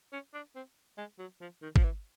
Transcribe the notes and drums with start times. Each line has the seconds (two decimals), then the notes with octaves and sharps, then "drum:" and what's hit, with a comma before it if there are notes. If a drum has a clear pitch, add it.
0.13 C#4
0.34 D4
0.55 C4
0.98 G#3
1.19 F#3
1.41 F3
1.62 D#3
1.76 F3, drum: kick G#1
1.83 E3